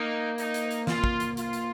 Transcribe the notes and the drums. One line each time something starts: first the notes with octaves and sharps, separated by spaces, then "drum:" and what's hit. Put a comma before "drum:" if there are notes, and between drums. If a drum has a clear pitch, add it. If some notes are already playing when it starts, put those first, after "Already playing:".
Already playing: A#3 D#4
D#4, drum: hi-hat
drum: hi-hat
drum: hi-hat
F4, drum: snare
drum: kick
drum: hi-hat
F4, drum: hi-hat
drum: hi-hat